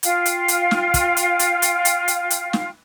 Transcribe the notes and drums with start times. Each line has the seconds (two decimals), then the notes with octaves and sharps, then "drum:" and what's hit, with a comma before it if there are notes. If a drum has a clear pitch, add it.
0.03 F4 F5 G5, drum: hi-hat
0.26 drum: hi-hat
0.48 drum: hi-hat
0.71 drum: snare
0.94 drum: kick, hi-hat
1.17 drum: hi-hat
1.39 drum: hi-hat
1.62 drum: hi-hat
1.85 drum: hi-hat
2.08 drum: hi-hat
2.30 drum: hi-hat
2.53 drum: snare